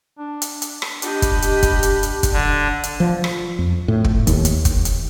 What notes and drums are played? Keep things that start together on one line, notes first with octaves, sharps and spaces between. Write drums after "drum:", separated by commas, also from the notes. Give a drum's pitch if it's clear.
D4
drum: hi-hat
drum: hi-hat
drum: rim click
D4 G4 D#5 B5, drum: hi-hat
drum: kick, hi-hat
drum: hi-hat
drum: kick, hi-hat
drum: hi-hat
drum: hi-hat
drum: kick, hi-hat
D3
drum: hi-hat
F3
drum: rim click
F2
A2
drum: kick
D#2, drum: hi-hat
drum: hi-hat
drum: kick, hi-hat
drum: hi-hat